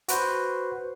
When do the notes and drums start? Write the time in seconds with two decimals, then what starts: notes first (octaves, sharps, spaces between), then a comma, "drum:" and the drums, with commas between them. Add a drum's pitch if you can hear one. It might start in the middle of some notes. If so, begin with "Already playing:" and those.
0.08 F#4 B4 C5, drum: hi-hat